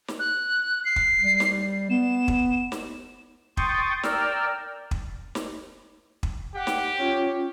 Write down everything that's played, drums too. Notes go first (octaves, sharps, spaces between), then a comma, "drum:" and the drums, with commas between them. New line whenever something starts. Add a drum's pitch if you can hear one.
drum: snare
F#6
C7
drum: kick
G3
drum: snare
B3 E7
drum: kick
drum: snare
G5 C6 C#6 D#6 G6 A6, drum: kick
A#4 D5 G5 E6 F6, drum: snare
drum: kick
drum: snare
drum: kick
G4 F#5
drum: snare
C#4 F4 C#5